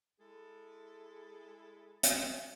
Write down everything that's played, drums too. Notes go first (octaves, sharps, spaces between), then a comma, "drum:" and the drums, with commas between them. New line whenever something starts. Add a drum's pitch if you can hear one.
G#3 E4 G#4 A4
drum: hi-hat